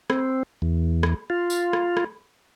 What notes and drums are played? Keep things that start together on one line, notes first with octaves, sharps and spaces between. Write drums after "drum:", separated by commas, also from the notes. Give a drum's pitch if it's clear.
C4, drum: rim click
E2
drum: rim click
F4
drum: tambourine
drum: rim click
drum: rim click